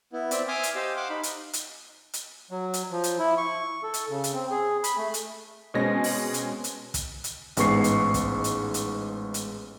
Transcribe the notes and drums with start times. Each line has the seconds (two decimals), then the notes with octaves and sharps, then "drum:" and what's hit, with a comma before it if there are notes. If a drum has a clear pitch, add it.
0.13 B3 E4
0.31 C4 D5 E5, drum: hi-hat
0.48 E5 G#5 C6 D6 D#6 F6
0.63 drum: hi-hat
0.76 G4 C5 D#5 F5 E6
0.97 F5 F#5 C6 D6
1.10 D#4 B5
1.23 drum: hi-hat
1.53 drum: hi-hat
2.13 drum: hi-hat
2.51 F#3
2.74 drum: hi-hat
2.91 F3
3.04 drum: hi-hat
3.19 E4
3.38 C#6
3.83 A4
3.94 drum: hi-hat
4.09 C#3
4.24 drum: hi-hat
4.33 C4
4.50 G#4
4.84 B5, drum: hi-hat
4.98 A3
5.14 drum: hi-hat
5.74 B2 G#3 C4 C#4 A#6
6.04 drum: open hi-hat
6.34 drum: hi-hat
6.64 drum: hi-hat
6.94 drum: kick, hi-hat
7.24 drum: hi-hat
7.57 A1 G#2 B3 C#6 C7, drum: hi-hat
7.84 drum: hi-hat
8.14 drum: kick, hi-hat
8.44 drum: hi-hat
8.74 drum: hi-hat
9.34 drum: hi-hat